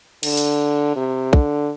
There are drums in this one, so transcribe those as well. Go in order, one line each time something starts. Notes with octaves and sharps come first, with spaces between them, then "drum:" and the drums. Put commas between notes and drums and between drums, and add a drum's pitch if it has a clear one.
D3, drum: cymbal
drum: open hi-hat
C3
D3, drum: kick